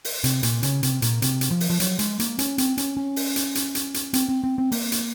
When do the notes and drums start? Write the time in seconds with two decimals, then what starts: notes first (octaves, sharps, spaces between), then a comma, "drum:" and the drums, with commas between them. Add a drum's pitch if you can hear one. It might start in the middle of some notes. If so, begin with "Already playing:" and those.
0.05 drum: open hi-hat
0.24 C3, drum: hi-hat
0.43 A#2, drum: hi-hat
0.63 C#3, drum: hi-hat
0.83 C3, drum: hi-hat
1.02 A#2, drum: hi-hat
1.22 C3, drum: hi-hat
1.41 drum: hi-hat
1.51 F3
1.60 drum: open hi-hat
1.70 F3
1.80 F#3, drum: hi-hat
1.99 G#3, drum: hi-hat
2.19 A#3, drum: hi-hat
2.39 C#4, drum: hi-hat
2.58 C4, drum: hi-hat
2.78 C#4, drum: hi-hat
2.97 C#4
3.16 drum: open hi-hat
3.36 drum: hi-hat
3.55 drum: hi-hat
3.75 drum: hi-hat
3.94 drum: hi-hat
4.13 C4, drum: hi-hat
4.29 C4
4.44 C4
4.58 C4
4.72 A#3, drum: open hi-hat
4.92 drum: hi-hat